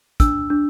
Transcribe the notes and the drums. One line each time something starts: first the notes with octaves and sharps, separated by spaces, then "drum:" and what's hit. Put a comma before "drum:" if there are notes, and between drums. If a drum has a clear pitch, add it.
D4 E6, drum: kick, hi-hat
D4